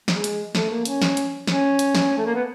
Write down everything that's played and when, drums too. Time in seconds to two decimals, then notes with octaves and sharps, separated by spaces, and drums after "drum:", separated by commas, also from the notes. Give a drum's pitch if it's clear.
0.08 G#3, drum: snare
0.24 drum: hi-hat
0.55 A3, drum: snare
0.70 A#3
0.85 C#4, drum: hi-hat
1.02 drum: snare
1.17 drum: hi-hat
1.47 C#4, drum: snare
1.79 drum: hi-hat
1.95 drum: snare
2.17 A3
2.26 A#3
2.34 B3